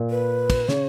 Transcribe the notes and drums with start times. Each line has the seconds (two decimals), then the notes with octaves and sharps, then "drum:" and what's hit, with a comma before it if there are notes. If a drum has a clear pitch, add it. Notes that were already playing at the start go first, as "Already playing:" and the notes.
Already playing: A#2
0.11 B4
0.50 drum: kick, cymbal
0.69 C#3 C#5, drum: snare